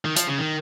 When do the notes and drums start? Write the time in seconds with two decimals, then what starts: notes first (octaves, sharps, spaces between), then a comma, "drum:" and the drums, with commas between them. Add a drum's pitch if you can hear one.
0.05 D#3
0.16 F3, drum: hi-hat
0.27 C#3
0.38 D#3